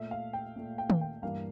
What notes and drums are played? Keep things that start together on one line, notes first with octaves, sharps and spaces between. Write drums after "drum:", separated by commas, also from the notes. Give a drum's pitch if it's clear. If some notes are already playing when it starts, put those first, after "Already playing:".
Already playing: A#2 A3 E5
F5
G5
A#2 A3
G5
drum: tom D#3
G5
G2 E3 G3 A#3 F5